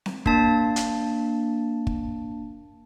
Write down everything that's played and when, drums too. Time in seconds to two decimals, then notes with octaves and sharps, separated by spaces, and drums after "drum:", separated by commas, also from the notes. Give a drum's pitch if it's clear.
0.06 drum: snare C4
0.26 A#3 D4 A5, drum: kick
0.76 drum: hi-hat
1.87 drum: kick